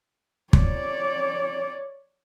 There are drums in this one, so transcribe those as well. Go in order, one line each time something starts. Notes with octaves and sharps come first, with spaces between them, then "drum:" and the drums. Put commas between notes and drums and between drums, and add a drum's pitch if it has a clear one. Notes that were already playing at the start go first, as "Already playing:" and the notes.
C#5 D5, drum: kick